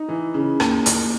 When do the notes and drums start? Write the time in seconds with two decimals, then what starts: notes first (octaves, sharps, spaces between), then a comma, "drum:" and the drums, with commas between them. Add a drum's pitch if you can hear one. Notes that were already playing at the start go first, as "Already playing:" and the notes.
Already playing: D#4
0.09 E3
0.34 C#3
0.60 D#2, drum: rim click
0.86 D#2, drum: hi-hat